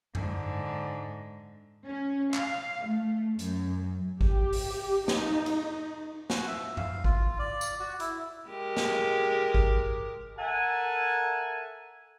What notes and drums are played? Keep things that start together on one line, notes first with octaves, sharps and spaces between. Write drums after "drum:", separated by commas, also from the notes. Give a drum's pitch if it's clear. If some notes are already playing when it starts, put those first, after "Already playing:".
G#2 D3, drum: tom F#2
C#4
F5, drum: clap
A3
F#2, drum: hi-hat
G4, drum: kick G#1
drum: open hi-hat
D#4, drum: snare
drum: cymbal
F#4, drum: snare
E5
F5, drum: tom F#2
F4, drum: kick G#1
D5
drum: tambourine
F#4
E4, drum: hi-hat
G#3 G4 A#4
drum: snare
drum: kick G#1
A4 A#4 E5 F#5 G#5 A5